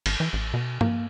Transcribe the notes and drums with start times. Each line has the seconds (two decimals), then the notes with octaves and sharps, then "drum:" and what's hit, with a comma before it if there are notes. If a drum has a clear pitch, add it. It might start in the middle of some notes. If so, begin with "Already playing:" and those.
0.06 G#1, drum: cymbal
0.20 E3
0.33 A1
0.54 B2
0.81 A#3, drum: tom G2